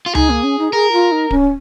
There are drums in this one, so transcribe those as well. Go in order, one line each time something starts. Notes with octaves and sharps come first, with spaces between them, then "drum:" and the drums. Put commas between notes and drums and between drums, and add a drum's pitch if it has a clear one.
F4
D#4 G#4, drum: tom C#2
A#3
C#4
D#4
G#4 A#4
F4
D#4
C#4, drum: kick D1